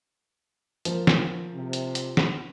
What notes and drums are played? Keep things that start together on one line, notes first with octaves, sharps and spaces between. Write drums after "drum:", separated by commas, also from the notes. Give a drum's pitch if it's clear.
F3 A#3, drum: hi-hat
drum: snare
C3
drum: hi-hat
drum: hi-hat
drum: snare